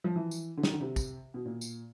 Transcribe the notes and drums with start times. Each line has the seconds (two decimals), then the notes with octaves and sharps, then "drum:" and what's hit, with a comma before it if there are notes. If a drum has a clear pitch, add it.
0.04 F3
0.16 E3
0.31 drum: tambourine
0.57 D3
0.63 D#3, drum: snare
0.71 D3
0.81 C3
0.96 drum: kick, tambourine
1.34 B2
1.45 A#2
1.61 drum: tambourine